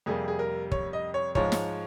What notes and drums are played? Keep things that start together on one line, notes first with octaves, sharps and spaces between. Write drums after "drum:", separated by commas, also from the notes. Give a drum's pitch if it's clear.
F2 C3 G3 A#3 G#4
G#4
A#4
C#5, drum: kick
D#5
C#5
G#2 F3 G#3 C#5, drum: kick
drum: snare